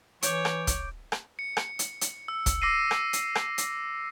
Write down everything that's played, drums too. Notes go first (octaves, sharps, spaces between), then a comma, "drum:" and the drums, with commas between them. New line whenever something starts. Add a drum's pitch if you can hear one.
E3 C#5 D6 G6 D7, drum: hi-hat
drum: rim click
drum: kick, hi-hat
drum: rim click
C#7
drum: rim click
drum: hi-hat
drum: hi-hat
E6
drum: kick, hi-hat
D6 E6 A#6 C7 D#7
drum: rim click
drum: hi-hat
drum: rim click
drum: hi-hat